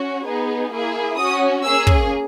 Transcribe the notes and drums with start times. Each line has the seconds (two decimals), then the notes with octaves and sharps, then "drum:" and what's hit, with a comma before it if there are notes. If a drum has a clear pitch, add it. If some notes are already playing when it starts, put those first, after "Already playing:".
Already playing: C#4 F#4
0.26 B3 D#4 G#4
0.72 A#3 E4 G#4
1.18 C#4 F#4 D#6
1.63 A#3 C#4 G#4 E6
1.87 drum: kick